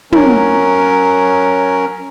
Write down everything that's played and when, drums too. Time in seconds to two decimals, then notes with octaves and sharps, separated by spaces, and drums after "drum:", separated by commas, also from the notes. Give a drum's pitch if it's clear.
0.12 F#3 C#4 A#4, drum: tom